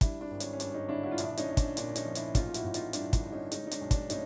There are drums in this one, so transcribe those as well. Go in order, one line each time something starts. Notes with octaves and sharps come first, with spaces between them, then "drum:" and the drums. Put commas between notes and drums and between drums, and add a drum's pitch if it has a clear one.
G3 D4 E4, drum: kick, hi-hat
D4 E4
G#1
C#4, drum: hi-hat
C#4
G2 D4, drum: hi-hat
C#4 D#4
D3 D4 E4
E4 F#4
F4
A#1 D4 E4, drum: hi-hat
C#4 D#4, drum: hi-hat
A#1
D4, drum: kick, hi-hat
A#2 D4, drum: hi-hat
C#4 D#4, drum: hi-hat
F3
D4 E4, drum: hi-hat
A1 D#4 F4, drum: kick, hi-hat
F4
E4 F#4, drum: hi-hat
A1
D#4 F4, drum: hi-hat
G2 D4 E4, drum: hi-hat
D4, drum: kick, hi-hat
D3
C#4 D#4
G#3 C#4 D#4, drum: hi-hat
D#4
D4, drum: hi-hat
B1
D4, drum: kick, hi-hat
A2 C#4 D#4, drum: hi-hat